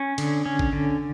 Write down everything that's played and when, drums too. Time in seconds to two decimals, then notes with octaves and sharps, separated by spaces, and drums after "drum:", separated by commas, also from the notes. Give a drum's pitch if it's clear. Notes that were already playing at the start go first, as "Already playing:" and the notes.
Already playing: C#4
0.18 D3, drum: cymbal
0.46 C#4
0.59 drum: kick
0.73 D3